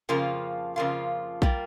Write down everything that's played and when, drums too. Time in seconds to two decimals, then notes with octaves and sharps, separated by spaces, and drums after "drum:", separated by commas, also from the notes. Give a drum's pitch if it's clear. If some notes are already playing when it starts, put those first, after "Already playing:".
0.09 F2 C#3 F3 A#3 F4
0.76 F2 C#3 F3 A#3 F4
1.42 G3 A#3 F4, drum: kick A#1